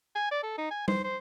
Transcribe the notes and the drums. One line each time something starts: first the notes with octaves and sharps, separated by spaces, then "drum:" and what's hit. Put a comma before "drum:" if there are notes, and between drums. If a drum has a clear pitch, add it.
G#5
D5
A4
D#4
G#5
C5, drum: tom G3
C5